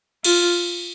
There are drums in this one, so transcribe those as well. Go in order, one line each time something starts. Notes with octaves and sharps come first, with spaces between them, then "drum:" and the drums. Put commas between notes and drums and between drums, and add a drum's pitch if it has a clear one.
F4, drum: cymbal